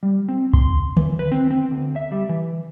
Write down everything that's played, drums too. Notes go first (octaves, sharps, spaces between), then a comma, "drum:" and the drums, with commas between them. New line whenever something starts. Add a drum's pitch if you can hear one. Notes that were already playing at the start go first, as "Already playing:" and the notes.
G3
C4
C6, drum: kick
E3, drum: tom D3
B4
C4
C4
D2
E5
G3
E3